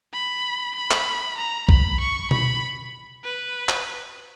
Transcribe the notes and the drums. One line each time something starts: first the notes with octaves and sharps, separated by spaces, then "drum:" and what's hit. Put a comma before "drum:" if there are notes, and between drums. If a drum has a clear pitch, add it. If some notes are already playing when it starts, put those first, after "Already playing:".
B5
B5
drum: clap
A#5
B5, drum: kick
C#6
B5, drum: tom B2
B4
drum: clap